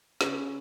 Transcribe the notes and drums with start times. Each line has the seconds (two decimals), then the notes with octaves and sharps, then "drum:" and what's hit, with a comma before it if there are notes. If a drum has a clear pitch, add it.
0.21 C#3 C#4, drum: snare